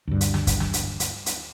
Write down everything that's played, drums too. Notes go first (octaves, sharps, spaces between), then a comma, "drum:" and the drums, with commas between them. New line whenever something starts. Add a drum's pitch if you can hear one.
D2 G2
drum: hi-hat
drum: snare
drum: kick, hi-hat
drum: snare
drum: hi-hat
drum: hi-hat
drum: hi-hat